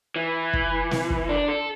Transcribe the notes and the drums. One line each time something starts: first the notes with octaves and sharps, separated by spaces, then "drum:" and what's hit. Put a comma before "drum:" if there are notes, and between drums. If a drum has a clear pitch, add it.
E3
drum: kick
drum: snare
drum: kick
D4
A4